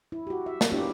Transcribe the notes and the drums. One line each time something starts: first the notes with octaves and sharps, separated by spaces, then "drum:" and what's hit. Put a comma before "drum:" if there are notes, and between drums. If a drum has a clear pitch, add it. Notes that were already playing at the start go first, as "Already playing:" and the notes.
E4
F#4 G4
E5
drum: snare
B3 D4 E4 F4 G4 C#5